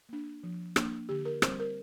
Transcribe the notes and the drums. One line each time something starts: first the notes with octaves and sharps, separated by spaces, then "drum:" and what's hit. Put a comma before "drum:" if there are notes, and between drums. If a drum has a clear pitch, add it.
A#3 D4
F3
A#3 D4, drum: rim click
D3 G4
A#4
G3 C4 C5, drum: rim click
A#4